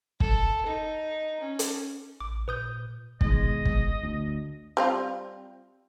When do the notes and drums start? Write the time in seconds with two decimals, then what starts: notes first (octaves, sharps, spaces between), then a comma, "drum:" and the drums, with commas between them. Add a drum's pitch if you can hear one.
0.20 A4, drum: kick
0.66 D#4
1.41 C#4
1.59 drum: hi-hat
2.20 A1 D6
2.48 A#2 B4 D#6 G6
3.21 B2 D#3 G#3 D#5, drum: kick
3.65 drum: kick
4.03 D2
4.77 G3 C4 F4